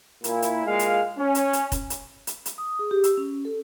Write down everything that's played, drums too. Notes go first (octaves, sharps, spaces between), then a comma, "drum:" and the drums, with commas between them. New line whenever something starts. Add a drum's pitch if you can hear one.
A#2 E4, drum: hi-hat
drum: hi-hat
A#2 G#3 F5
drum: hi-hat
C#4
drum: hi-hat
drum: hi-hat
drum: kick F1, hi-hat
drum: hi-hat
drum: hi-hat
drum: hi-hat
D#6
G#4
G4
E6, drum: hi-hat
C#4
A4